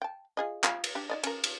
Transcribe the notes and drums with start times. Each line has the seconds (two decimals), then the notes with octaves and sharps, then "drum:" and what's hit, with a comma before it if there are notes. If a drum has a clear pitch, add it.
0.02 G5 A5
0.37 F4 G#4 D#5
0.64 F4, drum: clap
0.84 drum: cymbal
0.95 D4 G4
1.10 D#4 D5 D#5
1.24 C#4 A#4, drum: cymbal
1.44 drum: cymbal